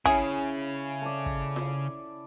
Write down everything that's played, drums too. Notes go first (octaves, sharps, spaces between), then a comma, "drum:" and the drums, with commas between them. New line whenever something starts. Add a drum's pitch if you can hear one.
C#3 C#4 E4 G#4, drum: kick
A4 D5
drum: kick
drum: snare F4